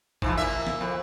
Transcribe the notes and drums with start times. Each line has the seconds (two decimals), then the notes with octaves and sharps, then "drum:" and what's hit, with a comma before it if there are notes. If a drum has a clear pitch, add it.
0.22 G#2 E3 F3, drum: kick G#1
0.38 A#3 E5
0.67 drum: snare
0.81 F2